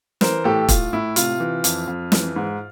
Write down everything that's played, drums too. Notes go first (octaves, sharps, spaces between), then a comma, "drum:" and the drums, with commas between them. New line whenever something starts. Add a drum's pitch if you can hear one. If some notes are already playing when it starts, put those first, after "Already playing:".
E3 A#4 C5, drum: snare
A2 G4 A4
A2 F4, drum: kick, hi-hat
A2 E4
C3 F4, drum: hi-hat
E3
F2, drum: hi-hat
F2
E3, drum: snare
G#2